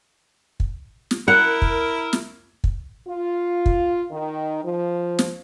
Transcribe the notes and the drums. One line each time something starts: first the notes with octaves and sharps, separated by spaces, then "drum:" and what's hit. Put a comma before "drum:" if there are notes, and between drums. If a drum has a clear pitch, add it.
drum: kick
drum: snare
E4 A#4 F#5
drum: kick
drum: snare
drum: kick
F4
drum: kick
D#3
F3
drum: snare